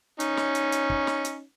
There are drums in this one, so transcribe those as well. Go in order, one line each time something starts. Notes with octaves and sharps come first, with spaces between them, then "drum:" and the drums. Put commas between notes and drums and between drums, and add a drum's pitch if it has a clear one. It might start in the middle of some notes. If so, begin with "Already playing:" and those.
C#4 D#4, drum: hi-hat
drum: snare
drum: hi-hat
drum: hi-hat
drum: kick
drum: snare
drum: hi-hat